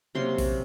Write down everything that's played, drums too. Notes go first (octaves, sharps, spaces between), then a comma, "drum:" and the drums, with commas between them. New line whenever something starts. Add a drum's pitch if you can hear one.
C3 F#3 A#3 C#4 C6
drum: kick A#1, open hi-hat